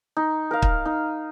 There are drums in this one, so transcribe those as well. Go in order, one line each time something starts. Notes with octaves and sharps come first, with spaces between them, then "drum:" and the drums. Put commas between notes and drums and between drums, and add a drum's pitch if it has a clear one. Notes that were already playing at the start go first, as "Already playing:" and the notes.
D#4
A#4 F5
drum: kick
D#4